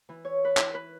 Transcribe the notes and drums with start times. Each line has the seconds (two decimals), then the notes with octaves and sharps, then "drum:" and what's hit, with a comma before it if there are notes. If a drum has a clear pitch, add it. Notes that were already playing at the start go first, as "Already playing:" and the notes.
0.09 E3
0.25 C#5
0.45 B4
0.57 E4, drum: clap
0.75 B4